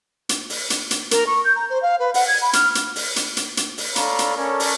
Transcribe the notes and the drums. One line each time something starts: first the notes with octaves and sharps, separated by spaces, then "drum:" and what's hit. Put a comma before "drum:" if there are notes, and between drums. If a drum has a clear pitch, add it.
drum: hi-hat
drum: open hi-hat
drum: hi-hat
drum: hi-hat
A#4, drum: hi-hat
C#6
G6
A#5
C5
F5
B4
F#5, drum: open hi-hat
G#6
B5
F6, drum: hi-hat
drum: hi-hat
drum: open hi-hat
drum: hi-hat
drum: hi-hat
drum: hi-hat
drum: open hi-hat
A4 C#5 D5 F5 A#5 B5, drum: hi-hat
drum: hi-hat
C#4 A4 A#4 C#5 D5
drum: open hi-hat